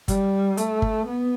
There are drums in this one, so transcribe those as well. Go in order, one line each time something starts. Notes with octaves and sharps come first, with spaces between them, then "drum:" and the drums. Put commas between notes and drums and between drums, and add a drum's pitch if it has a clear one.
G3, drum: kick G1, hi-hat
A3, drum: hi-hat
drum: kick G1
B3